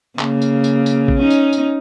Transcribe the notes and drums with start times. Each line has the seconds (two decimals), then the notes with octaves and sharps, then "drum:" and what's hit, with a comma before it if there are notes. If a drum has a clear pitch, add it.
0.19 C#3 A#3, drum: clap
0.42 drum: tambourine
0.64 drum: tambourine
0.86 drum: tambourine
1.08 drum: kick A1
1.18 C#4 D#4
1.30 drum: tambourine
1.53 drum: tambourine